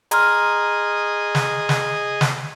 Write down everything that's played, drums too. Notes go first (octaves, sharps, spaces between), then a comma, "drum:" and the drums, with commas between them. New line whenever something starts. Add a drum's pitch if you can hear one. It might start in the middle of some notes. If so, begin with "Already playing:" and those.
G#4 D#5 A#5 C6 F6, drum: hi-hat
drum: snare
drum: snare
drum: snare